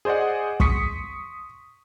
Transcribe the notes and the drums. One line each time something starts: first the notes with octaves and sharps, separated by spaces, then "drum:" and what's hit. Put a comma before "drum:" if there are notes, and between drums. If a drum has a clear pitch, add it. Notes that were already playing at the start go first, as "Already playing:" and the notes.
G#4 C5 D5 D#5 F#5
C6 C#6 D#6 B6 C#7, drum: kick